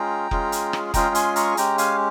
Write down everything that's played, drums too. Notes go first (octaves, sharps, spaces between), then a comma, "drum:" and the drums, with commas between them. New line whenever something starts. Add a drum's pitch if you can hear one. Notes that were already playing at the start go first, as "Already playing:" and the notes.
Already playing: G#3 C#4 F4 G#4 G5 A#5
G#3 C#4 F4 G#4, drum: kick F1
drum: hi-hat
drum: rim click
G#3 C#4 F4 G#4 G5 A#5, drum: kick F1, hi-hat
G#5 C6, drum: hi-hat
A#5 C#6, drum: hi-hat
G#5
G#3 C#4 G4 G5 A#5, drum: hi-hat
F5 G#5, drum: hi-hat